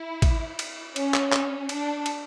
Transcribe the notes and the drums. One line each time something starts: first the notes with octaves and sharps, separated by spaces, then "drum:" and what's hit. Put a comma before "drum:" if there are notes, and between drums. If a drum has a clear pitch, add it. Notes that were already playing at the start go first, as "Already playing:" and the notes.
Already playing: E4
drum: kick, cymbal
drum: cymbal
C#4, drum: cymbal
drum: clap
drum: clap
D4, drum: cymbal
drum: cymbal